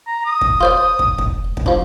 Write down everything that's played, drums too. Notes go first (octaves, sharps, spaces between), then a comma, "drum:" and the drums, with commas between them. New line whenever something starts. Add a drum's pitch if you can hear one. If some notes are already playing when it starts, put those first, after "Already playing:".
A#5
D#6
drum: kick
F4 C5 D5
drum: kick
drum: kick
drum: kick
F3 D4